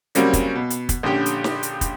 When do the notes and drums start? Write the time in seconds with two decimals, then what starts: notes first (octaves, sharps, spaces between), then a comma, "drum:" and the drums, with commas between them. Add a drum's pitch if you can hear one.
0.15 C#3 F#3 G3 A#3 C4 C#4, drum: hi-hat
0.33 drum: kick, hi-hat
0.55 B2
0.70 drum: hi-hat
0.89 drum: kick, hi-hat
1.03 A#1 D3 C#4 G4 G5
1.26 drum: hi-hat
1.44 drum: snare
1.63 drum: hi-hat
1.81 drum: kick, hi-hat